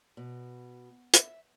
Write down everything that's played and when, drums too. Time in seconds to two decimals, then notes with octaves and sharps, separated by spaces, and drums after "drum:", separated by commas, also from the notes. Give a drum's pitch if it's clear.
0.17 B2
1.14 E5, drum: hi-hat